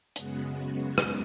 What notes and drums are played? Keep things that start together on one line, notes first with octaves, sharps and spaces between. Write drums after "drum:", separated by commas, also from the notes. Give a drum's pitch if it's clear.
F#2 C#3 G#3 B3 F#4, drum: hi-hat
drum: rim click